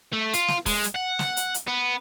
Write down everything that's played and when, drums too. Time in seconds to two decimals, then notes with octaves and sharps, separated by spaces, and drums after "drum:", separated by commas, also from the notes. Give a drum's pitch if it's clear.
0.13 A3
0.33 F4, drum: hi-hat
0.48 drum: snare
0.66 G#3, drum: kick, open hi-hat
0.84 drum: hi-hat
0.95 F#5
1.19 drum: snare
1.37 drum: hi-hat
1.54 drum: hi-hat
1.68 B3